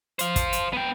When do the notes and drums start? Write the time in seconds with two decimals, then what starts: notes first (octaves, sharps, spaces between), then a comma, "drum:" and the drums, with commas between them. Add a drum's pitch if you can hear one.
0.19 C5 F5, drum: hi-hat
0.36 drum: kick, hi-hat
0.53 drum: hi-hat
0.73 B3 G5